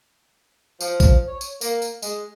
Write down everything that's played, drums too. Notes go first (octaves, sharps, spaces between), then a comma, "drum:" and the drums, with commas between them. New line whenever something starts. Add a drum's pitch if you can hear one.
F3, drum: tambourine
drum: kick A#1, tambourine
C#5
drum: tambourine
A#3, drum: tambourine
drum: tambourine
G#3, drum: tambourine